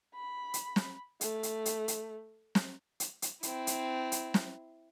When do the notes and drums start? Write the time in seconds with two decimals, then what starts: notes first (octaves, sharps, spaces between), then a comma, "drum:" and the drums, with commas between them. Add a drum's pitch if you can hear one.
0.15 B5
0.54 drum: hi-hat
0.76 drum: snare
1.21 A3, drum: hi-hat
1.43 drum: hi-hat
1.66 drum: hi-hat
1.88 drum: hi-hat
2.55 drum: snare
3.00 drum: hi-hat
3.22 drum: hi-hat
3.43 C4 E4, drum: hi-hat
3.67 drum: hi-hat
4.12 drum: hi-hat
4.34 drum: snare